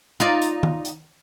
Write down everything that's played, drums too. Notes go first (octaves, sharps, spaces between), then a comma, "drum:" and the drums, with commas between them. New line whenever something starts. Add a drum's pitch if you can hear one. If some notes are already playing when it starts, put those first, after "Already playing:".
D#4 F4 D5
drum: hi-hat
drum: tom D#3
drum: hi-hat